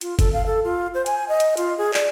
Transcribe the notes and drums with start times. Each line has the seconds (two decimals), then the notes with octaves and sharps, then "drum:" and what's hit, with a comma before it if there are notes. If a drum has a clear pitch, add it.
0.01 F4, drum: hi-hat
0.19 A4, drum: kick F#1, hi-hat
0.33 F5
0.46 A4
0.64 F4
0.94 C5
1.06 G#5, drum: hi-hat
1.29 D#5
1.40 drum: hi-hat
1.57 F4, drum: hi-hat
1.78 G#4
1.94 D5, drum: clap